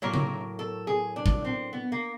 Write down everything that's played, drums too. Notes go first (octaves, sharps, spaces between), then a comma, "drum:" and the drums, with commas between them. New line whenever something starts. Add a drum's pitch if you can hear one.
A2 F#3 A#3 A#4
drum: tom C#3
A4
G#4
D4
drum: kick
C4
B3
A#3